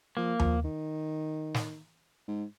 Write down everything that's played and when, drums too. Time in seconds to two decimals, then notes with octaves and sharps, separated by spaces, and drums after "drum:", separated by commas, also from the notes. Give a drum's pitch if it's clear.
0.17 F3 A#3
0.39 F3, drum: tom D#2
0.64 D#3
1.54 drum: snare
2.28 G#2